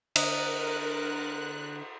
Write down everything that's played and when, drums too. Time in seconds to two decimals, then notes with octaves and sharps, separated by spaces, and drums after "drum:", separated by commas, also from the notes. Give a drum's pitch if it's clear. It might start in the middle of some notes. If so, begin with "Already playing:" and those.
0.16 D3 A#4 A#5 D#6 F#6, drum: cymbal